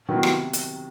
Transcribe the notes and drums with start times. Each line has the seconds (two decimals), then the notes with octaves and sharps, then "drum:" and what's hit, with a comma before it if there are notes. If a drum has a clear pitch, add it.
0.09 D#3 F#3 B3 E4
0.23 C3, drum: rim click
0.53 drum: hi-hat